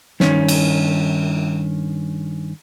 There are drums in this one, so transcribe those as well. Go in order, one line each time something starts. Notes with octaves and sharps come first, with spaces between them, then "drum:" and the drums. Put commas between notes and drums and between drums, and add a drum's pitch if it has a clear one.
G2 D#3 C#4, drum: snare
drum: cymbal